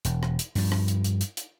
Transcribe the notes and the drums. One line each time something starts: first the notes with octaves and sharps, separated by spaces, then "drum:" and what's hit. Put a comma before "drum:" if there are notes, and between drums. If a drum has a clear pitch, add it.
E1, drum: hi-hat
drum: rim click
drum: hi-hat
G2 F3, drum: open hi-hat
drum: rim click
drum: hi-hat
drum: hi-hat
drum: hi-hat
drum: hi-hat